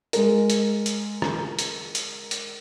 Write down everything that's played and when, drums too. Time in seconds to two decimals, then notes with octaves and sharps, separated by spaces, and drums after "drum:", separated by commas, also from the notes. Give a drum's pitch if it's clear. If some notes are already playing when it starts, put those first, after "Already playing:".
0.13 G#3 A#4, drum: hi-hat
0.50 drum: hi-hat
0.86 drum: hi-hat
1.22 drum: rim click
1.59 drum: hi-hat
1.95 drum: hi-hat
2.31 drum: hi-hat